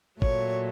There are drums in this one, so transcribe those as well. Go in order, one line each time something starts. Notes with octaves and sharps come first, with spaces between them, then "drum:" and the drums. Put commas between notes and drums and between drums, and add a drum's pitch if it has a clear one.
A#2 F#3 A3 C#5, drum: kick G#1